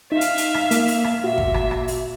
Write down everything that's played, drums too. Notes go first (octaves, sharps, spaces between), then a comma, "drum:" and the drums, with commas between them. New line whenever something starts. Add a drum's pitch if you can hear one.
D#4 E5 F5
drum: hi-hat
drum: hi-hat
drum: rim click
A#3, drum: hi-hat
drum: open hi-hat
drum: rim click
A#2 F#4 E5
drum: kick
drum: rim click
drum: rim click
drum: open hi-hat